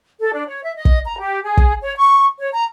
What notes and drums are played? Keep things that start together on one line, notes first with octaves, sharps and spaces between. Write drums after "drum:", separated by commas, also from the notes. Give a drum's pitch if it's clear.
A4
D4
C#5
E5
D#5
drum: kick
A#5
G4
G#4
drum: kick
C#5
C#6
C#5
A#5